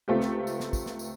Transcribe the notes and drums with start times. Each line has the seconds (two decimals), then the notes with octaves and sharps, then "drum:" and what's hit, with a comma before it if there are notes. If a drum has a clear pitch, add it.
0.08 C#2 A3 C4 F4 G4
0.21 drum: snare
0.47 drum: tambourine
0.60 drum: snare
0.73 drum: kick, tambourine
0.86 drum: snare
0.99 drum: tambourine